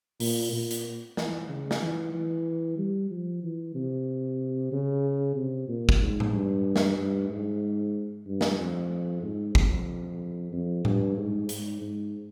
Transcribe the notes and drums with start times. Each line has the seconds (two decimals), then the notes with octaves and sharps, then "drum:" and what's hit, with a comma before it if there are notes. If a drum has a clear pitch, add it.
0.20 A#2, drum: open hi-hat
0.52 A#2
0.71 drum: hi-hat
1.17 E3, drum: snare
1.49 C#3
1.71 drum: snare
1.82 E3
2.14 E3
2.78 G3
3.10 F3
3.43 E3
3.75 C3
4.72 C#3
5.36 C3
5.68 A#2
5.89 drum: kick
6.01 G#2
6.20 drum: tom A2
6.33 G2
6.76 drum: snare
6.97 G2
7.29 G#2
8.27 G2
8.41 drum: snare
8.59 F2
9.23 G#2
9.55 F2, drum: kick
10.52 F2
10.85 G2, drum: tom A2
11.17 G#2
11.49 G#2, drum: hi-hat
11.81 G#2